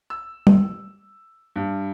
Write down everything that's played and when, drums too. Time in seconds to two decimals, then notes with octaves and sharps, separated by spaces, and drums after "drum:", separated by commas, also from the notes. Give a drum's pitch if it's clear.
0.10 E6
0.47 drum: tom
1.56 G2